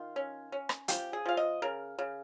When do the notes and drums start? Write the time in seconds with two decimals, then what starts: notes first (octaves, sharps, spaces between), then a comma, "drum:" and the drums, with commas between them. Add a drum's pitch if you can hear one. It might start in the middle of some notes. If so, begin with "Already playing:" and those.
Already playing: D#3 F4
0.16 C#4
0.52 C#4
0.69 drum: rim click
0.88 F3 G4, drum: hi-hat
1.13 G#4
1.26 F3 F5
1.37 D#5
1.62 C#3 A#4
1.99 C#3